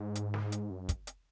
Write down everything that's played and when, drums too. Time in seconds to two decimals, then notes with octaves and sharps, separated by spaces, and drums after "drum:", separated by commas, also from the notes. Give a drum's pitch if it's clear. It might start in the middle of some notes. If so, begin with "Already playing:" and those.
Already playing: G#2
0.15 drum: hi-hat
0.34 drum: snare
0.52 drum: hi-hat
0.70 F#2
0.89 drum: kick, hi-hat
1.07 drum: hi-hat